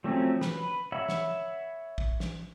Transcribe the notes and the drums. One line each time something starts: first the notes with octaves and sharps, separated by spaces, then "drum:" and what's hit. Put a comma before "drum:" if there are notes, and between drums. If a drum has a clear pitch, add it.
F3 F#3 A3 C4 C#4
B4, drum: snare
C#5 E5 F#5 B5
drum: snare
drum: kick
drum: snare